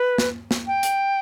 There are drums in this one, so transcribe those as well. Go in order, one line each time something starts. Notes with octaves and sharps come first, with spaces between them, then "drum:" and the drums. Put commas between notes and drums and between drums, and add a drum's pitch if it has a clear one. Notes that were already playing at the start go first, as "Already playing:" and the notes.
Already playing: B4
drum: snare
drum: snare
G5
drum: hi-hat